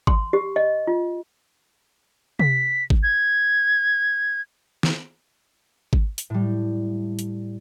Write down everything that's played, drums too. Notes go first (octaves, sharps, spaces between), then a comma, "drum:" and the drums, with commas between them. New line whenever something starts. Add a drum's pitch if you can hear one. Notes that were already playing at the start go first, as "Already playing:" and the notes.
C6, drum: kick G#1
G4
D#5
F4
B6, drum: tom C3
drum: kick G#1
G#6
drum: snare
drum: kick G#1
drum: hi-hat
A2 G3
drum: hi-hat